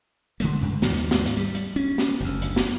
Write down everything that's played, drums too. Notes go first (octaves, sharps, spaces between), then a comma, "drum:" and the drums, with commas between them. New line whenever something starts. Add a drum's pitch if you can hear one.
D3 G#3 A3, drum: hi-hat
G2 C#3
D#2 G#2 F3, drum: snare
drum: hi-hat
drum: snare
drum: hi-hat
G3
drum: hi-hat
C#4
drum: snare
F#1 D2
drum: hi-hat
drum: snare